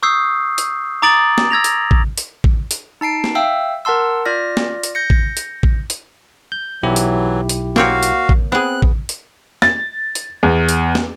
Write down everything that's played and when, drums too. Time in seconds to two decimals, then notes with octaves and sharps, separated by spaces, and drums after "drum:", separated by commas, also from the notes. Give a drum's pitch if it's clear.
0.03 C#6 D#6 E6 G6 C7
0.58 drum: hi-hat
1.02 A#5 D6 D#6 A6 D7 F#7
1.38 drum: snare
1.50 E6 G#6 A#6 F7
1.64 drum: hi-hat
1.91 drum: kick A1
2.18 drum: hi-hat
2.44 drum: kick A1
2.71 drum: hi-hat
3.01 D#4 A5 C7 D7
3.24 drum: snare
3.35 E5 F5 G5 E6
3.85 A#4 F#5 A5 C6 E6
4.25 F4 D5 F6 A#6
4.57 drum: snare
4.83 drum: hi-hat
4.95 G6 A#6 C#7
5.10 drum: kick A1
5.37 drum: hi-hat
5.63 drum: kick A1
5.90 drum: hi-hat
6.52 G6
6.83 B1 E3 F#3 E4 G4
6.96 drum: hi-hat
7.49 drum: hi-hat
7.76 A#3 C4 F#4 C#5 F5, drum: snare
8.03 drum: hi-hat
8.29 drum: kick A1
8.52 B3 C4 G#4 F#6
8.82 drum: kick A1
9.09 drum: hi-hat
9.62 A6, drum: snare
10.15 drum: hi-hat
10.43 E2
10.69 drum: hi-hat
10.95 drum: snare